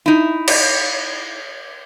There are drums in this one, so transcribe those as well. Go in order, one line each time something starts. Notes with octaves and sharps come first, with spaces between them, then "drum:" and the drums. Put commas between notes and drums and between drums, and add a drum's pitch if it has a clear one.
D#4 E4
drum: cymbal